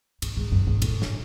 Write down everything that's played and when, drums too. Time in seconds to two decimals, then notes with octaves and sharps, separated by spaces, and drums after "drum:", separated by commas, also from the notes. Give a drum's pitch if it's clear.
0.22 G#2, drum: cymbal
0.37 G#2
0.52 F#2
0.67 G#2
0.82 A2, drum: cymbal
1.02 drum: snare